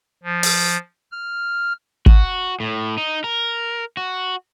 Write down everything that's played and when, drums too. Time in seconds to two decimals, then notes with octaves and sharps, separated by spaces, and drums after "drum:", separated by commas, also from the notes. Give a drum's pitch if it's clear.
0.23 F3
0.43 drum: open hi-hat
1.11 F6
2.06 F#4, drum: kick
2.60 A2
2.98 D#4
3.24 A#4
3.97 F#4